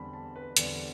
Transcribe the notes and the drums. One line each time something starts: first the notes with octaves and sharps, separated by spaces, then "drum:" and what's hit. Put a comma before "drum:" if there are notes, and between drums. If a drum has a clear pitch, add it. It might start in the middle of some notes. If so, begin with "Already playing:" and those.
Already playing: E2 D3 G3 C4 A5 B5
A5
B4
E2 D3 G3 C4 D5, drum: hi-hat